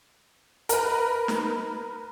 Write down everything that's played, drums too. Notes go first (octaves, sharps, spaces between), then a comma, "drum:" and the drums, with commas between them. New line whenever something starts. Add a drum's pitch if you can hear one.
A#4 B4, drum: hi-hat
drum: snare